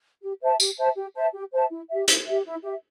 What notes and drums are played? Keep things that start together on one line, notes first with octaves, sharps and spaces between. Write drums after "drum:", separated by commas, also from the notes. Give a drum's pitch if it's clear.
G4
C5 E5 A5
G4, drum: tambourine
C5 E5 A5
G4
C5 E5 A5
G4
C5 E5 A5
E4
G4 E5
E4, drum: hi-hat
G4 E5
E4
G4 E5